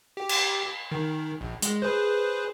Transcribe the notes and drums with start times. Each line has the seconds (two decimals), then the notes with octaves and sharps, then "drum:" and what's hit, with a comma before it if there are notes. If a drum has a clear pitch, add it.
0.17 G4
0.29 drum: cymbal
0.91 D#3
1.41 A#1
1.62 G#3, drum: hi-hat
1.82 G#4 B4 C5